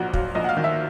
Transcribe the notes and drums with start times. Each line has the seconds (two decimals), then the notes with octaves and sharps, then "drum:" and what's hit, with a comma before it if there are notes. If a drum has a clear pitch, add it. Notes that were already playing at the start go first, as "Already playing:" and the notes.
Already playing: A#1 G#2 F#3 F#5
0.14 F#3 F5, drum: kick
0.35 A#1 D#5
0.44 F#5
0.49 F5
0.57 D#3
0.64 E5